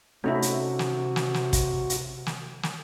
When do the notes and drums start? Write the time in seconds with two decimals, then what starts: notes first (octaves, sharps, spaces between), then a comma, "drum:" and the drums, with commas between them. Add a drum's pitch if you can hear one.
0.24 C3 A3 C#4 D#4 E4 F#4
0.42 drum: hi-hat
0.79 drum: snare
1.16 drum: snare
1.34 drum: snare
1.53 drum: kick, hi-hat
1.90 drum: hi-hat
2.26 drum: snare
2.63 drum: snare